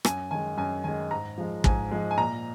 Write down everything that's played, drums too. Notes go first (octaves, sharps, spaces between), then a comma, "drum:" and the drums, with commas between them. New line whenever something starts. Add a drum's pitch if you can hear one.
F#2 G#5, drum: rim click
D#3 G#3 G#5
F#2 G#5
D#3 G#3 G#5
G#2 A#5
F3 G#3
G#2 G#5, drum: kick
F3 G#3
G#5
A#2 A#5